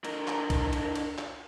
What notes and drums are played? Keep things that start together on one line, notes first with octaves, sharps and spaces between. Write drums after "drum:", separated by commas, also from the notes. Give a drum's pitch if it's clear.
D3 A#4, drum: cymbal
drum: clap
drum: kick, cymbal
drum: cymbal
drum: cymbal
drum: clap